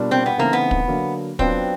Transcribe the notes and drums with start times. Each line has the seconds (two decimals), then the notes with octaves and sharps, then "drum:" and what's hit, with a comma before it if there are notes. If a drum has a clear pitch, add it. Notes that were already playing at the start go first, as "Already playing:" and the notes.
Already playing: B2 G3 A#3 D4 F4
0.11 C4
0.26 B3
0.38 C#3 E3 A3 A#3 C4 D#4
0.53 B3
0.71 drum: kick
0.88 D3 F#3 A#3
1.39 F#3 B3 C4 D4 F4, drum: kick